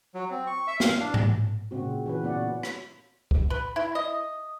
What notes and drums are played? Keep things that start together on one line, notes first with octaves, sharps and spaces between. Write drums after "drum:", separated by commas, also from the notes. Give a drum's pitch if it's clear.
F#3
C4
C#6
E5
F5, drum: snare
D4
drum: tom G#2
A#2 C#3 G#3 C4 F#4
E3 C#4 F#4 B4
A#2 B3 C#4 F#4 D5 F#5
drum: rim click
drum: kick
B4
E4
D#5